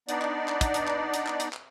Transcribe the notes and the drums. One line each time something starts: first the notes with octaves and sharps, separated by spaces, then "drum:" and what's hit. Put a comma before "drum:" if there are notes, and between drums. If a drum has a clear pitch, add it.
B3 D4 D#4 D5, drum: hi-hat
drum: clap
drum: clap
drum: kick, hi-hat
drum: hi-hat
drum: clap
drum: hi-hat
drum: clap
drum: hi-hat
drum: clap